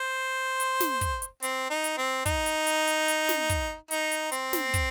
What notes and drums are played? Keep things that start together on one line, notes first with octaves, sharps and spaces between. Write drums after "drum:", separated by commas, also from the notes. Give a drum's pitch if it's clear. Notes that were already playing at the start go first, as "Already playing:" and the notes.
Already playing: C5
drum: hi-hat
drum: snare
drum: kick, hi-hat
drum: hi-hat
C4, drum: hi-hat
D#4
drum: hi-hat
C4
D#4, drum: kick, hi-hat
drum: hi-hat
drum: hi-hat
drum: hi-hat
drum: hi-hat
drum: snare
drum: kick, hi-hat
D#4, drum: hi-hat
drum: hi-hat
C4, drum: hi-hat
drum: snare
drum: kick, hi-hat